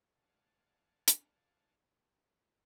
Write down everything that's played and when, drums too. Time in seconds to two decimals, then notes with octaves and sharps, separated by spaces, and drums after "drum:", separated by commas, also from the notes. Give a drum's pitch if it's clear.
0.15 D5 F5 F#5 G#5 A5
1.08 drum: hi-hat